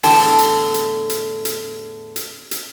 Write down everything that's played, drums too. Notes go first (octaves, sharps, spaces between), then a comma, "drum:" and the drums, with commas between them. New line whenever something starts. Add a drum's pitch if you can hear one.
E2 A2 D3 A4 G5 A5, drum: open hi-hat
drum: hi-hat
drum: hi-hat
drum: hi-hat
drum: hi-hat
drum: hi-hat
drum: hi-hat